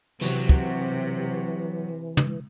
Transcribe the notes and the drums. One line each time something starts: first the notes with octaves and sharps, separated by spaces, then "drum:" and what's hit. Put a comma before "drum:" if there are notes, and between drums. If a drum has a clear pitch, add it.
C3 E3 F#3, drum: cymbal
drum: kick
drum: tom